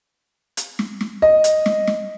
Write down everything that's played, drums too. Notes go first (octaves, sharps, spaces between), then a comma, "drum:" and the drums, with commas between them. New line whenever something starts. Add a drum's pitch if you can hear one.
drum: hi-hat
drum: snare
drum: snare
D#5
drum: hi-hat
drum: snare
drum: snare